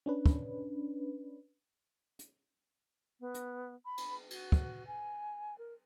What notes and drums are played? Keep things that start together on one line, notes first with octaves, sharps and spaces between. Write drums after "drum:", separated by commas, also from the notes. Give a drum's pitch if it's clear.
C#4 D4 B4
drum: kick
drum: hi-hat
B3
drum: hi-hat
B5
drum: cymbal
F#4, drum: cymbal
drum: kick
G#5
A#4